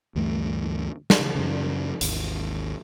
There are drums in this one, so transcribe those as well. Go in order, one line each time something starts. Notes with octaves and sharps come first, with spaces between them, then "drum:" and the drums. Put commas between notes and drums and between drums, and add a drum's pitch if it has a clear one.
D2 G2 E3 A3
drum: snare
C#3
F#2 C#3
G#1 D#2, drum: hi-hat